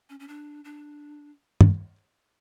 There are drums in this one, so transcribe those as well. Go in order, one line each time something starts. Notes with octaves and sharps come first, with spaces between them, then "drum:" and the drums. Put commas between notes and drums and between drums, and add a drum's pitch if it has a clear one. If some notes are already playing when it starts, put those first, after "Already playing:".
C#4
C#4
D4
D4
drum: tom